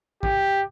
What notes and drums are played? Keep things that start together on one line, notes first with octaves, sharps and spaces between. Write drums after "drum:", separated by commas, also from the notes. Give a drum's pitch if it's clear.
G4, drum: kick A1